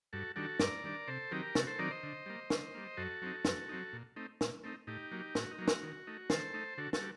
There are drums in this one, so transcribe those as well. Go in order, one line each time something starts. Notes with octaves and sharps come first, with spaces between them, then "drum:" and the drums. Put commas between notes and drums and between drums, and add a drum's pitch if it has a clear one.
G2 F#4 A4
D#3 G3 D4 F#4 A4
G2 A#4 D5, drum: snare
D#3 G3 D4
C3 A4 C5
D#3 F#3 C4 D#4 G4 A#4
C3 F#4 A4, drum: snare
A4 C5
D#3 F#3 C4 D#4 A#4 D5
C5 D#5
D3
G3 A#3
D3, drum: snare
G3 A#3
F#2 F#4 A4
F#3 C4 D#4
F#2, drum: snare
F#3 C4 D#4
A#2
A3 C4 D#4
A#2, drum: snare
A3 C4 D#4
A2 D#4 G4
F#3 A#3
A2 F#4, drum: snare
D#4
F#3 A#3
F#4, drum: snare
D#3
A3 D#4
D#3 A4 C5, drum: snare
A3 D#4
D3 F#4 A4
F#4 A4, drum: snare
G3